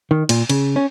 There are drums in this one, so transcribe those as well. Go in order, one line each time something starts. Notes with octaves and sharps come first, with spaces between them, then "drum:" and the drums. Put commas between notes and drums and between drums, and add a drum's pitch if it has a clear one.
D#3
A#2, drum: cymbal
C#3, drum: cymbal
C#4